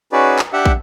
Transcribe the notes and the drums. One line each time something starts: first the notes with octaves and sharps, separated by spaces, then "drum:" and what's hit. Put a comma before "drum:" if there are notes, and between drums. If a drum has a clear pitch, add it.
C#4 D#4 F#4 G#4 B4 D5
drum: clap
D4 G4 E5 F#5
drum: kick